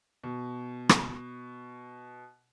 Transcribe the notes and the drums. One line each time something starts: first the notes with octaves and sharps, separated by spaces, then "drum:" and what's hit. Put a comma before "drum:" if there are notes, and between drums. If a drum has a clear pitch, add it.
B2
drum: rim click